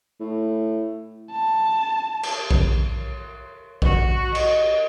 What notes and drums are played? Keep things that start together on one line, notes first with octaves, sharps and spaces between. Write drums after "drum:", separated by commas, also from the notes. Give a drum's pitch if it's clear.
A2
A5
drum: cymbal
drum: kick A#1
F#4, drum: kick A#1
D#5, drum: cymbal